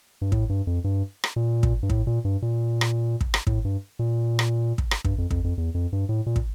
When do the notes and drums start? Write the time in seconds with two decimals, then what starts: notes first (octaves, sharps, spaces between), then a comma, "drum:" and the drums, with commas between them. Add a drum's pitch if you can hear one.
0.21 G2
0.32 A2, drum: kick
0.49 G2
0.67 F2
0.84 G2
1.24 drum: rim click
1.36 A#2
1.63 drum: kick
1.83 G2
1.90 A2, drum: kick
2.07 A#2
2.25 G2
2.42 A#2
2.81 drum: rim click
3.21 drum: kick
3.34 drum: rim click
3.47 A2, drum: kick
3.65 G2
3.99 A#2
4.39 drum: rim click
4.78 drum: kick
4.91 drum: rim click
5.05 G2, drum: kick
5.18 F2
5.31 F2, drum: kick
5.44 F2
5.58 E2
5.74 F2
5.93 G2
6.09 A2
6.26 A#2
6.36 drum: kick